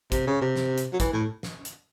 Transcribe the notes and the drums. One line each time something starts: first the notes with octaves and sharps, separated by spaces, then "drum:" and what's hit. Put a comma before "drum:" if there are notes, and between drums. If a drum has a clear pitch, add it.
C3, drum: kick, hi-hat
C#3
C3
drum: snare
drum: hi-hat
F#3
E3, drum: kick, hi-hat
A2
drum: snare
drum: hi-hat